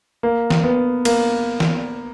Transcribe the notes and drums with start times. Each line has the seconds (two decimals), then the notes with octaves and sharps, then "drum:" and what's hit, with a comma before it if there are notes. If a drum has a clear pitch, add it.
0.23 A#3
0.50 drum: snare
0.64 B3
1.05 A#3, drum: cymbal
1.60 drum: snare